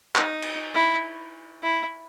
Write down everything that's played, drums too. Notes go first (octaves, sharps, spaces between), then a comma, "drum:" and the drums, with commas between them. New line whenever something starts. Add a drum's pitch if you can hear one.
D#4, drum: clap
drum: cymbal
E4
E4